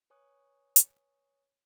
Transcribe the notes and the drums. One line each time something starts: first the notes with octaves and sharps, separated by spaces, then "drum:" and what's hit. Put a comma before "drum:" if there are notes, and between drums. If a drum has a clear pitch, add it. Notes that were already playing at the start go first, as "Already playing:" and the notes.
B4 C#5 G#5 C#6 D#6 F#6
drum: hi-hat